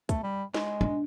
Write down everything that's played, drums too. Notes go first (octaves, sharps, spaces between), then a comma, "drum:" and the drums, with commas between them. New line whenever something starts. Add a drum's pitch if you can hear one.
A3, drum: kick, hi-hat
G3
G#3, drum: snare
D4